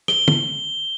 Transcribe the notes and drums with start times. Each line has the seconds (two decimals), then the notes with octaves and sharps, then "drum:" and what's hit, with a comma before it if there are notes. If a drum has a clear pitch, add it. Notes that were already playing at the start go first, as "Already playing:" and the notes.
0.08 G7, drum: rim click
0.28 drum: tom